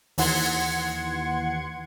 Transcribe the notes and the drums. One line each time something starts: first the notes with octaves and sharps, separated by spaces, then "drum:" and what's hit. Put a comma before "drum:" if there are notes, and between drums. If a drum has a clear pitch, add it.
D#2 E3 F#5 C6 G#6 C#7, drum: open hi-hat